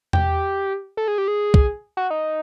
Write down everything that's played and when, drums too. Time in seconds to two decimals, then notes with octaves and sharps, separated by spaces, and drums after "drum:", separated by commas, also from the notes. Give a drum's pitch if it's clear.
0.13 G4, drum: tom E2
0.97 A4
1.08 G#4
1.18 G4
1.28 G#4
1.54 drum: kick
1.97 F#4
2.10 D#4